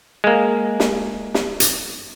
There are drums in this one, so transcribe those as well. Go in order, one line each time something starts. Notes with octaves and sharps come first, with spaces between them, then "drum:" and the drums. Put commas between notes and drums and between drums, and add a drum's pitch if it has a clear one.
G#3 A#3
drum: snare
drum: snare
drum: hi-hat